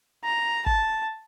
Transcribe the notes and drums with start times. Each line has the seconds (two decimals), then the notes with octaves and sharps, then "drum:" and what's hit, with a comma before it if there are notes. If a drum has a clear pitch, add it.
0.24 A#5
0.66 A5, drum: kick